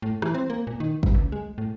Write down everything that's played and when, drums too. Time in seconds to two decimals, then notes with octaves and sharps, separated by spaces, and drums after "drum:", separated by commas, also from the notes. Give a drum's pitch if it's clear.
0.02 A2
0.22 E3, drum: rim click
0.34 C4
0.50 A#3
0.67 A#2
0.80 D#3
1.03 G2, drum: kick
1.15 C#2
1.32 G#3
1.58 A2